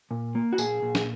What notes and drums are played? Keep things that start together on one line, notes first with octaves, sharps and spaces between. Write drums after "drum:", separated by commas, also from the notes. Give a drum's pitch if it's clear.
A#2
A#3
F#4
A#2 G#4, drum: tambourine
A#2
drum: snare